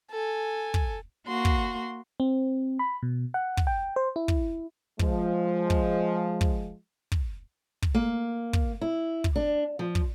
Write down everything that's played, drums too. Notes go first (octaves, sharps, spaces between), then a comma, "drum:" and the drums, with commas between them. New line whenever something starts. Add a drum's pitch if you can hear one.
A4 G#5
drum: kick
A#3 F#4 C6
drum: kick
C4
B5
B2
F#5
drum: kick
G5
C5
E4
drum: kick
F3 G#3, drum: kick
drum: kick
drum: kick
drum: kick
drum: kick
A#3
drum: kick
E4
drum: kick
D4
F3
drum: kick